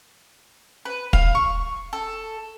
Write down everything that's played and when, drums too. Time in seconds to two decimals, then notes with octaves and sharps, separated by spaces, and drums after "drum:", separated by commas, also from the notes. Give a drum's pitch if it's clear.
0.85 B4
1.13 F5, drum: kick
1.35 C#6
1.93 A4